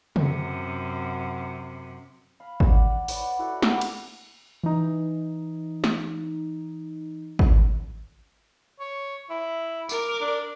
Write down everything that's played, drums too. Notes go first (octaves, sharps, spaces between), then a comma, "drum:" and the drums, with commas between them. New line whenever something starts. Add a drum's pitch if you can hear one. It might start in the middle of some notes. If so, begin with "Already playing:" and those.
F#2 C3, drum: tom
F5 B5
D5 F#5, drum: kick
B4 C#5 D5 F#5, drum: open hi-hat
E4 F#4 A4
G3 A#3 B3 A5, drum: snare
drum: cymbal
E3 D#4
drum: snare
drum: kick
C#5
E4
A#4 D6, drum: tambourine
D4